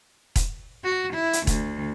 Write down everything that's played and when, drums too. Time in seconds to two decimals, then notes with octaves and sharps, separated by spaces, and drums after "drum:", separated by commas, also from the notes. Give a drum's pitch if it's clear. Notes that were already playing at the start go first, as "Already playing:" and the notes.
0.36 drum: kick E1, hi-hat
0.84 F#4
1.14 E4
1.33 drum: hi-hat
1.47 D2, drum: kick E1, hi-hat